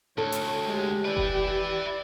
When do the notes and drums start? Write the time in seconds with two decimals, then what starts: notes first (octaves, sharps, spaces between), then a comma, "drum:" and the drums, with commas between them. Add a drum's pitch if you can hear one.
0.18 D2 A4 C#5
0.32 drum: hi-hat
0.67 G#3 G4
1.05 E4 B4 D5
1.17 drum: kick F1